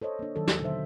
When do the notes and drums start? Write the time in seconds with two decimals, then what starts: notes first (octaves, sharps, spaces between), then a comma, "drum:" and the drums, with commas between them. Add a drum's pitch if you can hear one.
0.02 A4 C5 C#5 D#5
0.19 A#3 D4
0.36 D#3 F#3 A4
0.47 drum: snare
0.62 B2 D3 F#3 C5 E5